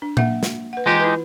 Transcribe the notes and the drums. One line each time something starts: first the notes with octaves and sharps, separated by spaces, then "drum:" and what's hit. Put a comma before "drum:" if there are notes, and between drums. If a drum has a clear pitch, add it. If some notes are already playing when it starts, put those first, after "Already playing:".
D4
A#3 E5 F#5, drum: tom A#2
drum: snare
B4 F#5
E3 G#3 D#4 F4 G4
E4 F4 B4